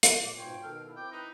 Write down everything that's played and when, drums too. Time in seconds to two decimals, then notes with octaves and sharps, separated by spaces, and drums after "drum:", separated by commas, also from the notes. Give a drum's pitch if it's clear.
0.03 drum: hi-hat
0.24 A#2 D6
0.37 G#2 B2 F4 C#5 G5
0.63 B2 D#3 A4 F5
0.84 E4 A4
0.96 C4 G5 D6
1.12 D#4 B4